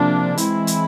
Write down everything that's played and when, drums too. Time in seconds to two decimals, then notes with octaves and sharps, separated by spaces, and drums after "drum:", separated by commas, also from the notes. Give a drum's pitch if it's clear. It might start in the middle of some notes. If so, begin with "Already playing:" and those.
Already playing: C3 F3 A#3 D4
0.37 E3 G#3 C4 E4, drum: hi-hat
0.67 drum: hi-hat